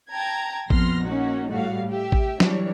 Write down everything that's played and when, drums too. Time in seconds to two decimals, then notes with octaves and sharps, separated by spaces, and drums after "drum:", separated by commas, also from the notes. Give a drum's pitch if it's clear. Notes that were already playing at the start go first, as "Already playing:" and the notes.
0.11 G5 A5 A#5 G#6
0.70 A#1 F2 B3 C6 F6 A#6, drum: kick A1
1.04 A#3 C#4 D#4 F#4
1.50 A2 G3 A3 F#4 F5
1.88 G4 E5
2.12 drum: kick A1
2.40 E3 F#3 G3 D4 C#5, drum: snare